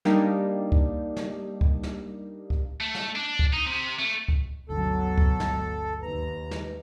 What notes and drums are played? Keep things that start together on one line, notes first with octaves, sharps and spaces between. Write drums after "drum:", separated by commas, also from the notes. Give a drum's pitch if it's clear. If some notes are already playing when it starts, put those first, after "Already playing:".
G3 A#3 D4 D#4 G4, drum: snare
drum: kick C#2
drum: snare
drum: kick C#2
drum: snare
drum: kick C#2
A3
drum: snare
D4
drum: kick C#2
D#4
C3
A3
drum: kick C#2
G1 D2 B2 F#3 D4 A4
drum: kick C#2
drum: snare
D#2 B4 A#5
drum: snare